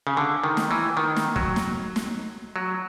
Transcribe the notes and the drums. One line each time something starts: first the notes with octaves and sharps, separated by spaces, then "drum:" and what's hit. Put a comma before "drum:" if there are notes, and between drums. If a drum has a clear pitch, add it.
C#3
D3
D#3
drum: snare
E3
D#3
drum: snare
F#3, drum: kick
drum: snare
drum: snare
F#3